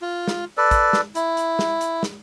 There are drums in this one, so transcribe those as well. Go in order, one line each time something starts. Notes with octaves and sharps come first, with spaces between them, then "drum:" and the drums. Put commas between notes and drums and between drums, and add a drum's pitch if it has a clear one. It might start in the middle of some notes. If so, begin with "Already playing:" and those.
F4
drum: snare
A4 B4 D5
drum: kick, hi-hat
drum: snare
E4, drum: hi-hat
drum: hi-hat
drum: snare
drum: hi-hat
drum: snare